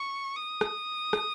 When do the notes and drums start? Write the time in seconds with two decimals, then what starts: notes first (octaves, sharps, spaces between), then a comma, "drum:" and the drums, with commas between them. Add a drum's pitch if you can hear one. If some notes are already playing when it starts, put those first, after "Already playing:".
Already playing: C#6
0.36 D#6
0.61 drum: rim click
1.13 drum: rim click